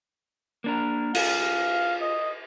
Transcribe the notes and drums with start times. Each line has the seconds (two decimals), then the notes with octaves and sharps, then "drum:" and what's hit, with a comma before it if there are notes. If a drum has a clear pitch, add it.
0.64 A#3 D4 A#4
1.15 F4 G#4 F5, drum: cymbal
2.01 D#5